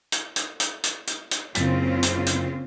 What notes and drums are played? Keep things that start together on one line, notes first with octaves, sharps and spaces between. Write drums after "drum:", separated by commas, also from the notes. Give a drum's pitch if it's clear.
drum: hi-hat
drum: hi-hat
drum: hi-hat
drum: hi-hat
drum: hi-hat
drum: hi-hat
F#1 C#3 C4 F4 A6 B6, drum: hi-hat
drum: hi-hat
drum: hi-hat